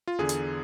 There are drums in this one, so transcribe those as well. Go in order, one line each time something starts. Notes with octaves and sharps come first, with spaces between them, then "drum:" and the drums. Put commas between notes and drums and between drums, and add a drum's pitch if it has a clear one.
F4
E2 D3 G#4
drum: hi-hat